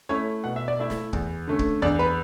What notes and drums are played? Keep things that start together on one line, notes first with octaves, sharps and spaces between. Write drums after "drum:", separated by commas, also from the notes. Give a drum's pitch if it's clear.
A3 C#4 E4 C#5
B2 F#5
E5
D5
A3 E4 E5
drum: snare
E2, drum: kick
D3 A3 C#4
drum: kick
E2 D4 D5
B4 B5